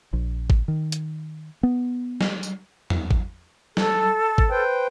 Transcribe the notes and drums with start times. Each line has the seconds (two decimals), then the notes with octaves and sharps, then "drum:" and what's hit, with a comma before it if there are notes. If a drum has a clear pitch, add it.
0.13 A#1
0.50 drum: kick G#1
0.68 D#3
0.92 drum: hi-hat
1.63 B3
2.21 drum: snare
2.43 drum: tambourine
2.90 drum: tom
3.11 drum: kick G#1
3.77 A4, drum: snare
4.38 drum: kick G#1
4.51 B4 C5 G5